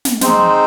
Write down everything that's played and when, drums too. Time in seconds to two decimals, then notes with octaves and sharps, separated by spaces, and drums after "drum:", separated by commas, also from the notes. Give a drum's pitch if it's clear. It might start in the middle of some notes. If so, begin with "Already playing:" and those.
0.05 drum: snare
0.21 G#3 C4 D#4 C5, drum: snare